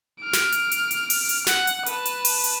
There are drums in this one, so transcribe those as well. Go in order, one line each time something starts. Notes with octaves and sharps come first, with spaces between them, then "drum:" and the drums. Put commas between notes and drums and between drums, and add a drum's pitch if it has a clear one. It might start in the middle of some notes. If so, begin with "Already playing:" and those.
F6 D7
drum: snare
drum: hi-hat
drum: hi-hat
drum: hi-hat
drum: open hi-hat
drum: hi-hat
F#5, drum: snare
drum: hi-hat
B4 A5, drum: hi-hat
drum: hi-hat
drum: open hi-hat
drum: hi-hat